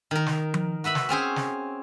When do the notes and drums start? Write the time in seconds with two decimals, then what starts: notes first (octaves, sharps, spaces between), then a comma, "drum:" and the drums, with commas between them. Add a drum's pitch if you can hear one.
0.11 D#3 A#4
0.26 drum: snare
0.54 drum: tom F3
0.84 F#4 B4 E5 B5
0.95 drum: snare
1.09 C4 C#4 G#4 C5
1.36 drum: snare